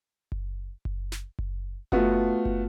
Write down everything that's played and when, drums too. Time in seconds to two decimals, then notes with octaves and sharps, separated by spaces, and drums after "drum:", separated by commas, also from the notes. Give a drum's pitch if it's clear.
0.32 drum: kick F#1
0.85 drum: kick F#1
1.12 drum: snare
1.39 drum: kick F#1
1.92 A3 B3 F4 F#4, drum: kick F#1
2.45 drum: kick F#1